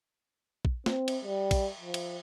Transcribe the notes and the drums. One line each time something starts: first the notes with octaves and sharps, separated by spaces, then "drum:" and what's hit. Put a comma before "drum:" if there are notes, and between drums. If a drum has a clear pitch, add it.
drum: kick
C4, drum: snare
drum: cymbal
G3
drum: kick, cymbal
F3
drum: cymbal